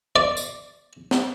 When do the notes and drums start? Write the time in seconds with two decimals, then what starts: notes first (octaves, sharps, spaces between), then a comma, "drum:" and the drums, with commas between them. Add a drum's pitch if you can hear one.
0.16 D5
0.37 drum: tambourine
1.11 drum: snare